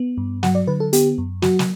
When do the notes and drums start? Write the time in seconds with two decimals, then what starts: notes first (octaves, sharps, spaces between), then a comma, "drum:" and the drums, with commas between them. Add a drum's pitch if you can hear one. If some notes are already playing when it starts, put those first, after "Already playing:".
Already playing: B3
0.18 G2
0.43 F#3 F#5, drum: snare
0.55 D5
0.67 D3 B4
0.80 A4
0.93 B3 G4, drum: hi-hat
1.18 F#2
1.42 F#3 F#4, drum: snare
1.59 drum: snare